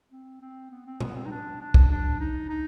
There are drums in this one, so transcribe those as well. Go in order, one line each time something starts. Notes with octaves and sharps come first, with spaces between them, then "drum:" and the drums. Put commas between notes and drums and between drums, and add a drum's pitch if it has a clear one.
C4
C4
B3
C4
B3, drum: tom B2
C4
D#4
D4
D4
drum: kick
D4
D#4
D#4